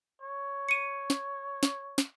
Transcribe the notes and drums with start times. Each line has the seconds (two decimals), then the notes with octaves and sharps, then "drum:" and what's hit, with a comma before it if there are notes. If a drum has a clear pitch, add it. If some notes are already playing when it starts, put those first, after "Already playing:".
0.22 C#5
0.69 C#7 D#7
1.10 drum: snare
1.63 drum: snare
1.98 drum: snare